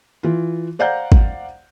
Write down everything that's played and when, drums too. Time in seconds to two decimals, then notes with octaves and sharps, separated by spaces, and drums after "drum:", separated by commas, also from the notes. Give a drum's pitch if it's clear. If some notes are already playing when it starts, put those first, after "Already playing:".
0.23 E3 F4
0.79 C5 D5 F5 F#5 A#5 G6
1.12 drum: kick